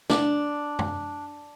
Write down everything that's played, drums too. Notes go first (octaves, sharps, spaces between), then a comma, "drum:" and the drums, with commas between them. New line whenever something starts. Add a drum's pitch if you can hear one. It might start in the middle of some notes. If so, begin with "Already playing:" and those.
D4, drum: snare
drum: tom F#2